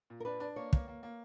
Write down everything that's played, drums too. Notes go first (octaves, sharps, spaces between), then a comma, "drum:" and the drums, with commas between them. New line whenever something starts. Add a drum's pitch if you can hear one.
A#2
A#4
D4 B4
D4
A#3 C#5
A#3, drum: kick
A#3
A#3